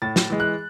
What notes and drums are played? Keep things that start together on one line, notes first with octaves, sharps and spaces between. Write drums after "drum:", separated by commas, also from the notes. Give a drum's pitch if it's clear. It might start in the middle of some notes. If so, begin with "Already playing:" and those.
A2 A6
drum: snare
E3 G#3
F#6